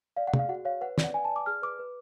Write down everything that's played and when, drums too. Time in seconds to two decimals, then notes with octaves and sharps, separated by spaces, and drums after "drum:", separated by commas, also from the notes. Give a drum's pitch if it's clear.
0.17 D5 F5
0.27 F#5
0.34 G#4, drum: tom
0.39 F5
0.49 F#4 F#5
0.65 C#5 F5
0.81 B4 F#5
0.98 D5, drum: snare
1.04 F#5
1.14 B4 G#5
1.24 A5
1.30 D5
1.36 D6
1.46 G#4 F6
1.62 B4 D6
1.79 B4